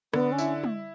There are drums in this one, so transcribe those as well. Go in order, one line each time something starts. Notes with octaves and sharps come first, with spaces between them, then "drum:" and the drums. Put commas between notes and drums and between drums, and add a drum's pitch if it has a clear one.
D3 B3, drum: rim click
C#4
E4, drum: tambourine
drum: tom